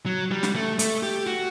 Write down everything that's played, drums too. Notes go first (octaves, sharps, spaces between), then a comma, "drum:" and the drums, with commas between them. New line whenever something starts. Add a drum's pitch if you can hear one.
F#3
G3
drum: snare
A3
A3, drum: hi-hat
G4
F#4